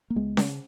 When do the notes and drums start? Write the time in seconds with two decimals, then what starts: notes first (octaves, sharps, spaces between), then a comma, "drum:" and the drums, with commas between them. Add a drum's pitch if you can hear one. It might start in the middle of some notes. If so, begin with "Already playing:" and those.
0.10 A#3
0.15 C#2 G#3 B3
0.37 C#3, drum: snare C#4